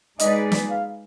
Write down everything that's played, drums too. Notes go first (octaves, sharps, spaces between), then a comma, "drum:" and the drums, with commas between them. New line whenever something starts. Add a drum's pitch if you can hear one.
G#3 D#4 G#4 B4 D5 D#5, drum: hi-hat
drum: snare
F5